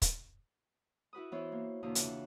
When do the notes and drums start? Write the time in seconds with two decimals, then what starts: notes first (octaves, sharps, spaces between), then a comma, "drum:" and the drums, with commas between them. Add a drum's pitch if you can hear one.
0.02 drum: kick, hi-hat
1.13 E4 F#4 B4 D#6
1.32 E3 B3 E4 C5 C#5
1.52 A#3
1.83 E2 B2 D3 A#3 D#6
1.95 C#3 E3 D4 F4 F#5, drum: hi-hat